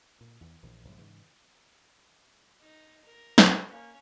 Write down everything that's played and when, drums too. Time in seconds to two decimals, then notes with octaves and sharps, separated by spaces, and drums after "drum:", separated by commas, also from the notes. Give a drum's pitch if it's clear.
0.21 A#2
0.41 E2 D#3 E3
0.63 A#1 E3
0.84 A#1 G2 D3
0.99 G#2 C#3 E3
2.61 D#4
3.05 A#4
3.38 drum: snare
3.69 A#3 C#4